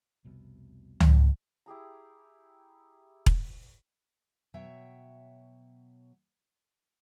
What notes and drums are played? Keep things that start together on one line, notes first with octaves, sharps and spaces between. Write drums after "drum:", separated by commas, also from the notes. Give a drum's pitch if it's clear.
F1 C2 B2
drum: tom C#2
E4 G4 G#4 A#5
drum: kick E1
B2 F#3 C#5 E5 G5